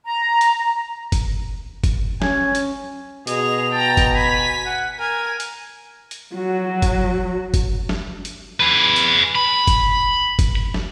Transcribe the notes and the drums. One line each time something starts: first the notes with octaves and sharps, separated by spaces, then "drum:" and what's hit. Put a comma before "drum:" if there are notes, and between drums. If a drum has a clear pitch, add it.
A#5
drum: hi-hat
drum: kick F#1, hi-hat
drum: kick F#1, hi-hat
C#4 G#5, drum: snare
drum: hi-hat
B2 G#4 D#5 F7, drum: hi-hat
G5 A5 A#5
drum: kick F#1, hi-hat
G#5 B5 B6
F#5
A#4 G#5
drum: hi-hat
drum: hi-hat
F#3 F#4
drum: kick F#1, hi-hat
drum: kick F#1, hi-hat
drum: snare
drum: hi-hat
G#4 B4
drum: hi-hat
B5
drum: kick F#1, hi-hat
drum: kick F#1, hi-hat
drum: snare